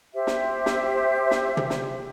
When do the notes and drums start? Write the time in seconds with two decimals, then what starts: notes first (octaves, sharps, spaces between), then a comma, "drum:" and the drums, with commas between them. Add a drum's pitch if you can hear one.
0.14 G4 C5 E5
0.27 drum: snare
0.66 drum: snare
1.31 drum: snare
1.57 drum: tom
1.70 drum: snare